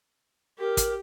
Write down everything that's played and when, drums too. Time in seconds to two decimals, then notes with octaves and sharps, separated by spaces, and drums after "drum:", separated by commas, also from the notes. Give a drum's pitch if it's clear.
0.59 G4 A#4
0.77 drum: kick, hi-hat